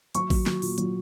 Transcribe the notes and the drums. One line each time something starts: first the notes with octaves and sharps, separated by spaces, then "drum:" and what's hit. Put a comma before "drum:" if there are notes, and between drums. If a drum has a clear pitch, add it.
F#3 C#6, drum: hi-hat
F#3, drum: kick A1, open hi-hat
F#3, drum: snare
A#2, drum: open hi-hat
F#3, drum: hi-hat